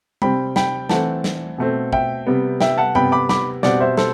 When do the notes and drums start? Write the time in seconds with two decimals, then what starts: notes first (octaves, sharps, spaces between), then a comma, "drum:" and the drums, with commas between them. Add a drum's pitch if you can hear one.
0.22 C3 G3 C4 G5 B5, drum: tom G3
0.56 G5 B5, drum: snare
0.89 E3 A3 C4 F#5 A5, drum: snare
1.24 drum: snare
1.58 B2 A3 C4
1.93 E5 G5, drum: kick
2.27 C3 G3 B3
2.61 E5 G5, drum: snare
2.78 F#5 A5
2.95 C3 G3 B3 G5 B5, drum: tom G2
3.12 B5 D6
3.29 B5 D6, drum: snare
3.63 B2 G3 C4 D5 F#5, drum: snare
3.80 C5 E5
3.97 A4 C5, drum: snare